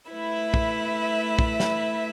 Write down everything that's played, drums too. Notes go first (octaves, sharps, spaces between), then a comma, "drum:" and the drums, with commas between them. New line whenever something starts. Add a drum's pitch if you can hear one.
A3 E4 B4 E5
drum: kick
drum: kick
drum: snare